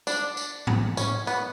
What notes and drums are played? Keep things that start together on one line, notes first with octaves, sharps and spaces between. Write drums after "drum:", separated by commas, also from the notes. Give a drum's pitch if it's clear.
D4, drum: tambourine
drum: tambourine
drum: tom G#2
C#4, drum: tambourine
B3, drum: tambourine